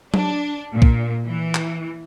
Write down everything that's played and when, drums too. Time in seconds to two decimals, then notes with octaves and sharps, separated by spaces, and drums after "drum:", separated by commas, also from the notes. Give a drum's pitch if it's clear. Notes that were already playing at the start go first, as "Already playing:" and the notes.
0.14 D4, drum: tom F#3
0.72 A#2
0.82 drum: kick B1
1.27 E3
1.55 drum: clap